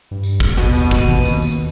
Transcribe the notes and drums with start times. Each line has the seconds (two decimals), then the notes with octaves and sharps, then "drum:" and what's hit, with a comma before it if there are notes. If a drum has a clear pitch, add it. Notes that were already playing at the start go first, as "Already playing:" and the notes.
0.11 G2
0.23 drum: tambourine
0.40 drum: kick
0.57 D#2 B2 D#7, drum: tambourine
0.74 drum: tambourine
0.91 drum: kick, tambourine
1.08 drum: tom D#3
1.25 drum: tambourine
1.42 drum: tambourine